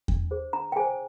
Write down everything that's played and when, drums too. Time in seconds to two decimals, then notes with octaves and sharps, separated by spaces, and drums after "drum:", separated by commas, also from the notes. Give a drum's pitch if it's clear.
0.08 D4, drum: kick E2
0.31 G#4 C5
0.53 D4 A#5
0.72 G5
0.76 G#4 C5 G#5